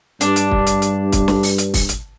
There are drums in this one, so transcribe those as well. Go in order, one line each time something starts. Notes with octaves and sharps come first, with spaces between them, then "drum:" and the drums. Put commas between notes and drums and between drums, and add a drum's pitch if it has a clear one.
G2 D4, drum: hi-hat
drum: hi-hat
drum: kick
drum: hi-hat
drum: hi-hat
drum: kick, hi-hat
drum: snare
drum: open hi-hat
drum: hi-hat
drum: kick, open hi-hat
drum: hi-hat